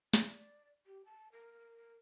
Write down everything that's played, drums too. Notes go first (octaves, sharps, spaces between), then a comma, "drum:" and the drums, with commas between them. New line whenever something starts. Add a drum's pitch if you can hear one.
D5, drum: snare
G4
A5
A#4